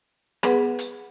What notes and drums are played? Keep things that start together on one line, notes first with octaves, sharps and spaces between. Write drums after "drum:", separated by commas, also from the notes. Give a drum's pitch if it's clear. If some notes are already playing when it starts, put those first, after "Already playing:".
B3 G#4 B4 F#5, drum: rim click
drum: hi-hat